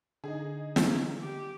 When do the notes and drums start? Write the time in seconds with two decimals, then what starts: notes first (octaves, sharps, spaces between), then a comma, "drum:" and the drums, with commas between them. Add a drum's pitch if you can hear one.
0.24 D3 D#4 G#4
0.76 drum: snare
1.21 G4